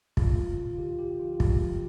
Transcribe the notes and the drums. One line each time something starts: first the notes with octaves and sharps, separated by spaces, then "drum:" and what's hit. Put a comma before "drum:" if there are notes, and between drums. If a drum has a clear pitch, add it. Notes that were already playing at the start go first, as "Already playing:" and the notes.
D3 F4, drum: kick
D3
D2
F4
D3 G4
D3 G4
F3 F4
F4
F3 G4, drum: kick
D2